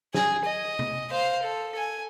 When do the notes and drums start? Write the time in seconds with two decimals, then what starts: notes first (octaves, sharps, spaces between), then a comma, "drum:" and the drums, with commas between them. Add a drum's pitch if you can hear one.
0.14 G#4, drum: snare
0.45 D#5
0.79 drum: tom C3
1.11 C5 F5
1.43 A4
1.77 G#5